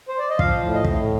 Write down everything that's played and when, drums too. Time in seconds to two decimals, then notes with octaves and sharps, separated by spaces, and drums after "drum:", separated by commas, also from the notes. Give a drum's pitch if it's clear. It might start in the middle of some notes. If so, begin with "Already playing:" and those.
0.09 C5
0.19 D5
0.30 D#5
0.39 F3 F5, drum: kick
0.62 A2
0.74 D#5
0.84 A2, drum: kick